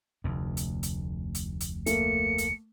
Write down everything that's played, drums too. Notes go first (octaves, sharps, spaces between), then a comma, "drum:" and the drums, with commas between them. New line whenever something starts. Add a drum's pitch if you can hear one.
F1 D2
drum: hi-hat
drum: hi-hat
drum: hi-hat
drum: hi-hat
A3 A#3 C#7, drum: hi-hat
drum: hi-hat